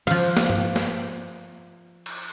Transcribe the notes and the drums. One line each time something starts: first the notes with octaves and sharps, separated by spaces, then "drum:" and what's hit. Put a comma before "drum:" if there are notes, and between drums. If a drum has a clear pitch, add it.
F3 F5, drum: cymbal
drum: snare
drum: tom
drum: snare
drum: cymbal